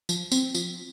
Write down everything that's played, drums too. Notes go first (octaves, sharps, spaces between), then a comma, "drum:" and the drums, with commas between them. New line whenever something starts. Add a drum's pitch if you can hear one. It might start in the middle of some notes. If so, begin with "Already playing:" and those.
F3, drum: tambourine
C4, drum: tambourine
F3, drum: tambourine